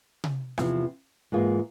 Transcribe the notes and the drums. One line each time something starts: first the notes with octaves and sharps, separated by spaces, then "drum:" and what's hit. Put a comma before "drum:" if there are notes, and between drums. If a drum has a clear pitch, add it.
drum: tom C3
E2 C3 F3 C4 E4, drum: rim click
G#2 E3 A#3 F4 G#4